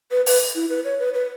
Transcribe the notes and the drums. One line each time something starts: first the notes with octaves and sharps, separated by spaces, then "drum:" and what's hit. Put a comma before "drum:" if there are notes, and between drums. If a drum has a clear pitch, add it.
B4
B4, drum: open hi-hat
E4
B4
C#5
B4
B4